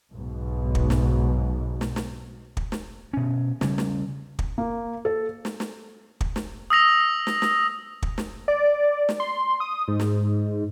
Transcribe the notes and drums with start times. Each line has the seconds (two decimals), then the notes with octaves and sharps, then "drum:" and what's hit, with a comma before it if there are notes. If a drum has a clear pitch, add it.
0.12 B1 G#2 B2
0.75 drum: kick
0.90 drum: snare
1.81 drum: snare
1.96 drum: snare
2.57 drum: kick
2.72 drum: snare
3.13 B2 C#4
3.61 C#3 G3 C#4, drum: snare
3.78 drum: snare
4.39 drum: kick
4.58 A#3
5.05 A4
5.45 drum: snare
5.60 drum: snare
6.21 drum: kick
6.36 drum: snare
6.70 D#6 E6 A#6 F7
7.27 drum: snare
7.42 drum: snare
8.02 drum: kick
8.18 drum: snare
8.48 D5
9.09 drum: snare
9.20 C6
9.60 D#6
9.88 G#2
10.00 drum: snare